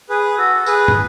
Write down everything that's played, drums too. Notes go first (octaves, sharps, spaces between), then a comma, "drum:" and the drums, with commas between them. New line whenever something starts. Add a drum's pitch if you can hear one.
G#4 B4
F#4 A4
G#4 B4, drum: tambourine
drum: tom